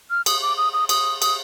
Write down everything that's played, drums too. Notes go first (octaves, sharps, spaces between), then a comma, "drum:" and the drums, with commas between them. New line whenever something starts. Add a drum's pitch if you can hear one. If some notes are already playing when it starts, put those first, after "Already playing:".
F6
D#6, drum: cymbal
D6
D#6
D#6
D#6, drum: cymbal
D#6, drum: cymbal